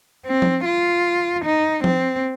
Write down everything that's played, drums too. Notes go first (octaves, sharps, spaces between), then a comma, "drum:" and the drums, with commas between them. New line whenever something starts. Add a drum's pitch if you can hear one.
C4
drum: tom F3
F4
D#4
C4, drum: tom F3